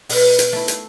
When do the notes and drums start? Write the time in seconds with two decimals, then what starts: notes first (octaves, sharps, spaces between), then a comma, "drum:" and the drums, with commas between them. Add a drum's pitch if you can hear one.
0.09 B2, drum: open hi-hat
0.39 drum: hi-hat
0.53 A3 E4
0.68 drum: hi-hat